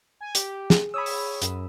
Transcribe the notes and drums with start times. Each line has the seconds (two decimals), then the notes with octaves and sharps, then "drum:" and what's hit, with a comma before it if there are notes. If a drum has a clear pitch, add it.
0.21 G#5
0.35 G4, drum: hi-hat
0.70 G#4, drum: snare
0.94 C#5 B5 D#6 E6
1.06 drum: open hi-hat
1.42 F#2, drum: hi-hat